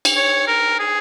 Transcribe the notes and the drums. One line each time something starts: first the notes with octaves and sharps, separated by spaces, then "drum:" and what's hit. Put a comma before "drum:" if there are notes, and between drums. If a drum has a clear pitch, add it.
drum: cymbal
C#5
A#4
G#4